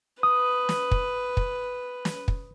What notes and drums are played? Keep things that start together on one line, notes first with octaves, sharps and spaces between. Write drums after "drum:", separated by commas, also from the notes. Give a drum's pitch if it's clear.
B4 D#6
drum: snare
drum: kick
drum: kick
drum: snare
drum: kick